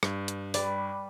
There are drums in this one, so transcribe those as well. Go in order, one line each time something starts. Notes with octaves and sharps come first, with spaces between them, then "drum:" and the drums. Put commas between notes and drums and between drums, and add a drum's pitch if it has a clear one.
G2, drum: rim click
drum: hi-hat
G3 B4 D5, drum: open hi-hat